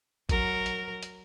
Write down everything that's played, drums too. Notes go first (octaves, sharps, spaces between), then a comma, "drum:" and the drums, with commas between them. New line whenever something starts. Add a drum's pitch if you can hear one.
F#3 A#4, drum: kick A1, hi-hat
drum: hi-hat
drum: hi-hat